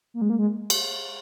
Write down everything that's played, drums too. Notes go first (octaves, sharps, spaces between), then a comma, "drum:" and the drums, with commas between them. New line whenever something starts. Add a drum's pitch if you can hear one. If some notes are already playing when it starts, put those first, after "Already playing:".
A#3
G#3
A#3
G#3
drum: cymbal